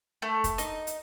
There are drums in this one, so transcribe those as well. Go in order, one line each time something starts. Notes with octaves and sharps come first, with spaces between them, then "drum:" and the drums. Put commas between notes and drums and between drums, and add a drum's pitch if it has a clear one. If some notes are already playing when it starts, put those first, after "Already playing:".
A3
drum: kick, hi-hat
D#4, drum: hi-hat
drum: hi-hat